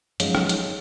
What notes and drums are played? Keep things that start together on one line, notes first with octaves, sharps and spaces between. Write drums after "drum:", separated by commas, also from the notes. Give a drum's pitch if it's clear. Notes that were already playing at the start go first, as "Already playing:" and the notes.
F3 F#3 G#3 C#4 D#4, drum: hi-hat
drum: rim click
drum: hi-hat